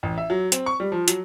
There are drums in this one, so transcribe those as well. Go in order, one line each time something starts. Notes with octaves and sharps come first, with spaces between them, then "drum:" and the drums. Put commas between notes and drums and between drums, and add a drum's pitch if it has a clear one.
A1
E5
F#3
C4, drum: hi-hat
C#6
G3
F3
F#3, drum: hi-hat